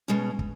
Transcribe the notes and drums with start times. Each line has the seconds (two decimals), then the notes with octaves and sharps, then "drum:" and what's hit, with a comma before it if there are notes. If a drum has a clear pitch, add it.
0.08 B2 G#3 C#4
0.39 drum: kick